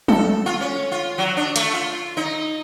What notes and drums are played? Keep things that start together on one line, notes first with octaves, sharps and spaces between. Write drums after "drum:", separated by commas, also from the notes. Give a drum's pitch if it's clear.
A4, drum: tom F#3
F4
C#4
F4
F#3
D4
A3, drum: hi-hat
F4
D#4